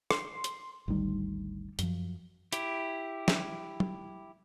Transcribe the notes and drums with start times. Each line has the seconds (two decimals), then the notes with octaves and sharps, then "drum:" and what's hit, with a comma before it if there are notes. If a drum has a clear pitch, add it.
0.11 C6, drum: rim click
0.44 drum: hi-hat
0.88 G#1 D2 D#3 G3
1.79 F#2 F3, drum: hi-hat
2.53 E4 G4, drum: hi-hat
3.28 drum: snare
3.80 drum: tom